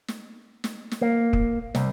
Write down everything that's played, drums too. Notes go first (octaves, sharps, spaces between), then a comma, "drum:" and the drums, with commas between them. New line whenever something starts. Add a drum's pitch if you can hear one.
drum: snare
drum: snare
drum: snare
A#3
drum: kick
C2, drum: snare